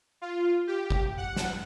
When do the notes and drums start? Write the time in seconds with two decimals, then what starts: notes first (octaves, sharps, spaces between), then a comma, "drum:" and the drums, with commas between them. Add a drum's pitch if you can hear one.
0.22 F4
0.67 G4
0.90 drum: kick G1
1.17 F#5
1.36 drum: snare